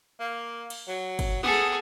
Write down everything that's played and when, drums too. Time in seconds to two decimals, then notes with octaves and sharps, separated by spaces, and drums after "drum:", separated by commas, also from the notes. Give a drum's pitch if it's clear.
0.19 A#3
0.70 drum: cymbal
0.88 F#3
1.19 drum: kick, cymbal
1.43 B3 G#4 A4, drum: snare